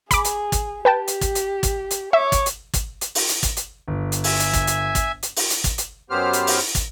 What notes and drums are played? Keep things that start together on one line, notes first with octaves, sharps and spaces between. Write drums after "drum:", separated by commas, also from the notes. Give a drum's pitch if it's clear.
G#4 B5 D6, drum: kick, hi-hat
drum: hi-hat
drum: kick, hi-hat
G4 B4 G5 A5
drum: hi-hat
drum: kick, hi-hat
drum: hi-hat
drum: kick, hi-hat
drum: hi-hat
C#5 E5 D6
drum: kick, hi-hat
drum: hi-hat
drum: kick, hi-hat
drum: hi-hat
drum: open hi-hat
drum: hi-hat
drum: kick, hi-hat
drum: hi-hat
G1
drum: hi-hat
E5 G#5, drum: open hi-hat
drum: hi-hat
drum: kick, hi-hat
drum: hi-hat
drum: kick, hi-hat
drum: hi-hat
drum: open hi-hat
drum: hi-hat
drum: kick, hi-hat
drum: hi-hat
F#2 F#3 B3 G4 C5 F6
drum: hi-hat
drum: open hi-hat
drum: kick, hi-hat